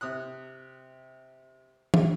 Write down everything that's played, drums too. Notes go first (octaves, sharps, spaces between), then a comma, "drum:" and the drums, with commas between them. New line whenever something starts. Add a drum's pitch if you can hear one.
C3 D#6 F#6
drum: tom